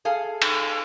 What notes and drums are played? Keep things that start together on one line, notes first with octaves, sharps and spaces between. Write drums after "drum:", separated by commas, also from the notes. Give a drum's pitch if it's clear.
G#4 A4 F5
drum: cymbal